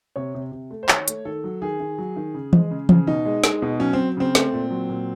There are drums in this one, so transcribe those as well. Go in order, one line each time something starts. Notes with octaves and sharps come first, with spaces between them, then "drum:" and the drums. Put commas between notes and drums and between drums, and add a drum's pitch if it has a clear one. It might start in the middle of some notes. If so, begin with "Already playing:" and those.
C3 C#5
C3
C3
A3
C5
D#3 C#5, drum: clap
A3, drum: hi-hat
D#3 A4
F#3
D#3 G#4
D#3
F#3
D#3
C#3
G#3, drum: tom E3
C#3
C#3, drum: tom E3
B2 D#4
G#3
G#3, drum: snare
B2
F#3 C#4
C4
F#3
C#3 C4
A3, drum: snare
A#2
F#3
A#2